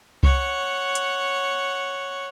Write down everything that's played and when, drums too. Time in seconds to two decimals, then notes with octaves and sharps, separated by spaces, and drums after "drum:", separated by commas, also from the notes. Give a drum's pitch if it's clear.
0.23 C#5 F#5, drum: kick C2
0.95 drum: hi-hat